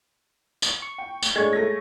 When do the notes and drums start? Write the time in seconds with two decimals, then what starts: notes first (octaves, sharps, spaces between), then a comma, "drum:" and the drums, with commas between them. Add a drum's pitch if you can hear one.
0.62 drum: tambourine
0.82 C#6
0.98 G5
1.23 drum: tambourine
1.36 A2 G#3 D4 C#5 G#6
1.53 A3 A#6